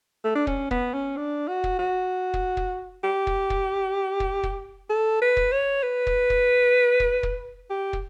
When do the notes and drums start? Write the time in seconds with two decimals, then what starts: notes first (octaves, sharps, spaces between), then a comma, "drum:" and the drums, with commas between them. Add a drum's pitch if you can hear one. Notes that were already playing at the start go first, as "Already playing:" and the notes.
0.24 A3
0.35 D4
0.47 C#4, drum: kick
0.71 B3, drum: kick
0.94 C#4
1.17 D4
1.48 F#4
1.64 drum: kick
1.79 F#4
2.34 drum: kick
2.57 drum: kick
3.04 G4
3.27 drum: kick
3.50 drum: kick
4.20 drum: kick
4.43 drum: kick
4.90 A4
5.22 B4
5.37 drum: kick
5.52 C#5
5.83 B4
6.07 drum: kick
6.30 drum: kick
7.00 drum: kick
7.23 drum: kick
7.70 G4
7.93 drum: kick